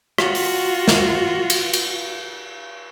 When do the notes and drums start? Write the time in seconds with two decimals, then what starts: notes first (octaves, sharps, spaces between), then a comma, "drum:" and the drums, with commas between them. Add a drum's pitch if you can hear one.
0.18 F4 F#4, drum: rim click
0.35 drum: open hi-hat
0.88 drum: snare
1.50 drum: cymbal
1.73 drum: cymbal